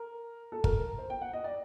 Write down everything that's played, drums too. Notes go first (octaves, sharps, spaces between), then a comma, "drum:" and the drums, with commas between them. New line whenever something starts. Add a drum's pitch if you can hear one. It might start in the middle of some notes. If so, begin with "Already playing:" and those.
Already playing: A#4
A4
A#4, drum: kick
C5
G5
F#5
D#5
D5